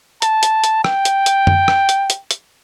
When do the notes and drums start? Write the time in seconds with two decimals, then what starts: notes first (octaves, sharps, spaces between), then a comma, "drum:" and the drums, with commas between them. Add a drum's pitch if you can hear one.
0.22 A5, drum: hi-hat
0.43 drum: hi-hat
0.64 drum: hi-hat
0.84 G5, drum: rim click
1.05 drum: hi-hat
1.26 drum: hi-hat
1.47 drum: tom F#2
1.68 drum: rim click
1.89 drum: hi-hat
2.10 drum: hi-hat
2.31 drum: hi-hat